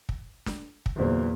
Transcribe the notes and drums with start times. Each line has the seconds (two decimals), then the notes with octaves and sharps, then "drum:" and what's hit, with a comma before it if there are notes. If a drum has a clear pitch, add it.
0.09 drum: kick
0.46 drum: snare
0.86 drum: kick
0.96 G1 E2 A#2 F#3 C5